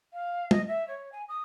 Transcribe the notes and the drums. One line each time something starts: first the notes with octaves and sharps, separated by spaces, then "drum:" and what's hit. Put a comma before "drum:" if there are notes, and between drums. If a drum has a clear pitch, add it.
F5
D#5, drum: tom
E5
C#5
G#5
D#6